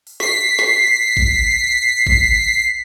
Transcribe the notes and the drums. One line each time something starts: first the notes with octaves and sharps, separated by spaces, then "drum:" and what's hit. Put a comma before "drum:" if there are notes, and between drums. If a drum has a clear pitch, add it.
drum: open hi-hat
B6 C7, drum: snare
drum: snare
drum: kick A1
drum: kick A1